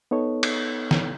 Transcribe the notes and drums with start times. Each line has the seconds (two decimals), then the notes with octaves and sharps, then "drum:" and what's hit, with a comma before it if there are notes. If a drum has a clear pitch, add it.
0.11 B3 D#4 A4 C#5
0.43 drum: cymbal
0.91 drum: snare